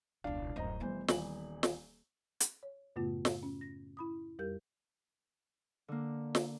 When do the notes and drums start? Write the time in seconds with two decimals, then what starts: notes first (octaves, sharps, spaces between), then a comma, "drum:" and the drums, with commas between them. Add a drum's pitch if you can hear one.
0.24 E1 C#2 D4 F5
0.56 D1 F#2 C5 D#5 A#5
0.80 F1 E3 G3 B3 C5
1.08 D#1 E3 F#7, drum: snare
1.63 drum: snare
2.40 drum: hi-hat
2.63 C#5
2.96 F#2 A2 C#3 A3 B3 F4
3.25 drum: snare
3.43 C#4
3.61 A#6
3.97 E4 B5 D#6
4.39 F2 G3 G4 A#4 G6
5.88 D3 A#3
6.35 drum: snare